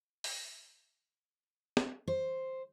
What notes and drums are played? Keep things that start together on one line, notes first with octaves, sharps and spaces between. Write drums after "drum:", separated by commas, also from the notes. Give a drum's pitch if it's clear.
drum: open hi-hat
drum: snare
C5